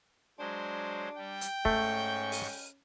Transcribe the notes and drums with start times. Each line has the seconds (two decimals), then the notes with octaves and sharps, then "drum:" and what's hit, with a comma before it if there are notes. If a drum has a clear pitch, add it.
0.39 F#3 G#3 D4 C5
1.17 G3 G5
1.41 drum: hi-hat
1.65 G#2 A3 C#4 C#6 G6, drum: kick
2.32 drum: open hi-hat